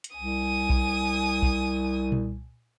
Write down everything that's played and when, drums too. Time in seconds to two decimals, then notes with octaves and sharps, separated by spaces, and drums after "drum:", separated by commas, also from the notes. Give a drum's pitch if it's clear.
0.04 drum: hi-hat
0.16 C2 G#5 D#6
0.70 drum: kick B1
1.42 drum: kick B1
2.12 drum: tom A#2